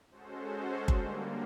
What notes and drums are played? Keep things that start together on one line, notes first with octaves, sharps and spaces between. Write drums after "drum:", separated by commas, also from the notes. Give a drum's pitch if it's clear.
G#3 C#4 F#4 A4 C5
D3 G3 A#3, drum: kick G1